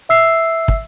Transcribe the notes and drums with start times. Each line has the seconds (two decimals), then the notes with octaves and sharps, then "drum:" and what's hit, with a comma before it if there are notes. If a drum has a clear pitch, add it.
0.09 E5 E6 C7
0.68 drum: kick